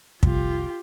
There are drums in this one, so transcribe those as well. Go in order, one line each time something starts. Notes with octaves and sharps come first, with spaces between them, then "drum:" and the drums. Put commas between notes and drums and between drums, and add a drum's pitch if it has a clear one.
F1 C2 F4 G4, drum: kick